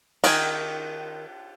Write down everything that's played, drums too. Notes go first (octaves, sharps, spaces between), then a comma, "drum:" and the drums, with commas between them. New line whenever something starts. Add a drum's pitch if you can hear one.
D#3 G5 G#5, drum: cymbal